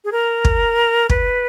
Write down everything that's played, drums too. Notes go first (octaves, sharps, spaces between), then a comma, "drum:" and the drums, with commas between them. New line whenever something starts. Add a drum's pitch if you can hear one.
G#4
A#4
drum: kick
B4, drum: kick